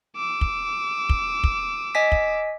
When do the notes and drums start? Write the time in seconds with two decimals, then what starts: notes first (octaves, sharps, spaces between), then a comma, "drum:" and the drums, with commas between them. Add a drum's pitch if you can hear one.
0.16 D6 E6
0.41 drum: kick
1.09 drum: kick
1.44 drum: kick
1.95 D#5 G#5 B6
2.12 drum: kick